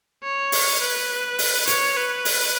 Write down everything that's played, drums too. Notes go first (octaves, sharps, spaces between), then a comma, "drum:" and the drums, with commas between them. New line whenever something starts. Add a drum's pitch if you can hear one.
C#5
drum: open hi-hat
B4
drum: open hi-hat
C#5, drum: hi-hat
B4
drum: open hi-hat